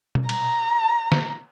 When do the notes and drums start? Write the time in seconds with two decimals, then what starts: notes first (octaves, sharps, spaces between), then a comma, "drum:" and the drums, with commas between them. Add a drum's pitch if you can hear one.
0.15 drum: tom B2
0.29 A#5, drum: cymbal
1.12 drum: snare